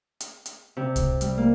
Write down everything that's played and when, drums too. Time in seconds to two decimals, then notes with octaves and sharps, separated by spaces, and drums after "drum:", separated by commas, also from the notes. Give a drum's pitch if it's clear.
0.20 drum: hi-hat
0.46 drum: hi-hat
0.77 C3
0.96 drum: kick C2, hi-hat
1.21 G3, drum: hi-hat
1.38 A#3